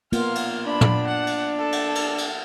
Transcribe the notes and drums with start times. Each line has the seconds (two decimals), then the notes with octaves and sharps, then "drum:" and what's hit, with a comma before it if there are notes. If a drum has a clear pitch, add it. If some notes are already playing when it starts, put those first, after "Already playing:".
0.12 A#3 B3 F4 F6, drum: cymbal
0.35 drum: cymbal
0.67 D4 B5
0.81 drum: tom
1.08 F#5
1.27 drum: cymbal
1.58 A4
1.72 drum: cymbal
1.95 drum: cymbal
2.18 drum: cymbal